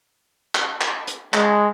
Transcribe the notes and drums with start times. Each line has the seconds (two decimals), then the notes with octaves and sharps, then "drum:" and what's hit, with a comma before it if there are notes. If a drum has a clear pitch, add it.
0.55 drum: clap
0.81 drum: clap
1.07 drum: hi-hat
1.34 G#3, drum: clap